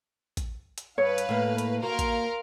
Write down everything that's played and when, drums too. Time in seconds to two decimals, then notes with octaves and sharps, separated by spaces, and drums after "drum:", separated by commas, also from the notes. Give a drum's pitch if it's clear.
0.37 drum: kick A1, hi-hat
0.78 drum: hi-hat
0.98 G2 B4 C#5 F5
1.18 drum: hi-hat
1.29 A2 A#3
1.58 drum: hi-hat
1.83 A#3 F#4 A#4 F5 C6
1.99 drum: kick A1, hi-hat